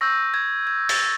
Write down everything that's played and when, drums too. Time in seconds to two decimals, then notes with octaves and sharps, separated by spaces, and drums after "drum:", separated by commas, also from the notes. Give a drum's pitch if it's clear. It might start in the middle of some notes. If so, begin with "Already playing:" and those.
0.01 C#6 E6 G6 A#6
0.34 G#6
0.67 G#6
0.89 A6, drum: open hi-hat